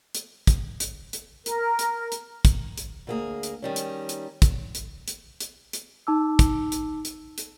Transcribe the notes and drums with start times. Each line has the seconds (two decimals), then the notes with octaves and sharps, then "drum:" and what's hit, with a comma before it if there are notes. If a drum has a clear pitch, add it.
0.15 drum: hi-hat
0.47 drum: kick, hi-hat
0.80 drum: hi-hat
1.13 drum: hi-hat
1.46 A#4, drum: hi-hat
1.79 drum: hi-hat
2.12 drum: hi-hat
2.45 drum: kick, hi-hat
2.78 drum: hi-hat
3.07 D2 A#3 G#4
3.43 drum: hi-hat
3.62 D#3 G3 C#4
3.76 drum: hi-hat
4.09 drum: hi-hat
4.42 drum: kick, hi-hat
4.75 drum: hi-hat
5.08 drum: hi-hat
5.40 drum: hi-hat
5.73 drum: hi-hat
6.07 D#4 A5 D6 E6
6.39 drum: kick, hi-hat
6.72 drum: hi-hat
7.05 drum: hi-hat
7.38 drum: hi-hat